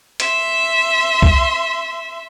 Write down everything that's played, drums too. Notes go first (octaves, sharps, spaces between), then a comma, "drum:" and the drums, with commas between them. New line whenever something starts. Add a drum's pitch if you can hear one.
E5 C6, drum: hi-hat
drum: kick C2